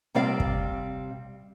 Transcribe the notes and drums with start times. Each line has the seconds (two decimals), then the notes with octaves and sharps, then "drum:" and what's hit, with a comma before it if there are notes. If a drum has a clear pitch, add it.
0.14 C3 G3 C4 D5 F5
0.40 drum: kick